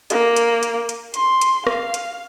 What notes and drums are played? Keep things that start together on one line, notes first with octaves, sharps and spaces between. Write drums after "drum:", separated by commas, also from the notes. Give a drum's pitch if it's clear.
A#3, drum: hi-hat
drum: hi-hat
drum: hi-hat
drum: hi-hat
C6, drum: hi-hat
drum: hi-hat
F5, drum: rim click
drum: hi-hat